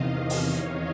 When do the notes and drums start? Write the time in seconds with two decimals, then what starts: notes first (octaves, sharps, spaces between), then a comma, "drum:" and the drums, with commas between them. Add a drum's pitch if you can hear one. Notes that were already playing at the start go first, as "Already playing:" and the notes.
Already playing: E2 C3 D#3 D#5 F5
0.30 C#5 D#5, drum: open hi-hat